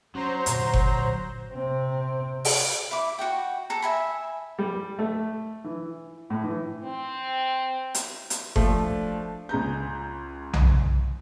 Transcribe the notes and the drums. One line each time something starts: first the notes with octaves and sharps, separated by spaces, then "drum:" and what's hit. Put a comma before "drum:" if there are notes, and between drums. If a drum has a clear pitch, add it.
F#3 C#4 C5 A#5
G2 A#2 D3, drum: hi-hat
drum: kick F#1
C3 C4
drum: open hi-hat
E4 D6
F#4 F#5 G5
A4 A#5
E5 G#5 B5
G3
A3
E3
A2
E3
C4
drum: hi-hat
drum: hi-hat
F3 A3 D4, drum: kick F#1
C#2 G#4 A#5 G6
drum: tom B1